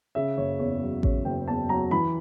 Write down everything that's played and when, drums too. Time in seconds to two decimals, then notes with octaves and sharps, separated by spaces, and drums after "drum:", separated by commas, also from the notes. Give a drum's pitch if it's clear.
0.15 C#3 E5
0.37 F#1 C#5
0.59 E2 C#5
0.82 F#3
1.03 C#3 C#5, drum: kick A1
1.25 F#1 G5
1.47 E2 A5
1.69 F#3 A#5
1.91 E3 B5